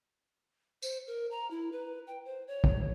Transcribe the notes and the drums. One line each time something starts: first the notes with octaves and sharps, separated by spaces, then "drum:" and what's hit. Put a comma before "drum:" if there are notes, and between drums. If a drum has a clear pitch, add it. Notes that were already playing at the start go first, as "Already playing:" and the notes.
C5, drum: tambourine
A#4
A#5
E4
B4
G5
C5
C#5
drum: kick